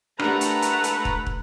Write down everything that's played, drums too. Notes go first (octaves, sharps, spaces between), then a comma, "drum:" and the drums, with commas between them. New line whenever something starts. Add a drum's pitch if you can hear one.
A3 D4 G4 A#4 B4 F#5 A#5, drum: rim click
drum: hi-hat
drum: hi-hat
drum: hi-hat
drum: kick
drum: kick